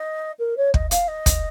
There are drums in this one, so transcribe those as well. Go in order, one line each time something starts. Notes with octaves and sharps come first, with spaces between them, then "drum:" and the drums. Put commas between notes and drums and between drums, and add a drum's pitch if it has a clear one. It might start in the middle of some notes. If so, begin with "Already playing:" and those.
Already playing: D#5
A#4
C#5
D#5, drum: kick
F5, drum: hi-hat
D#5
drum: kick, hi-hat